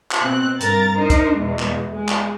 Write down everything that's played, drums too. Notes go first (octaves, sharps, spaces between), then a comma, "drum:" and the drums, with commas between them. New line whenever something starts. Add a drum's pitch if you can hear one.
drum: clap
B2 C4 F#6
G2 A#4 A#5 A6, drum: hi-hat
D#4 A#4 C5
drum: kick, hi-hat
E2 B2 G#3
drum: clap
G#3
drum: clap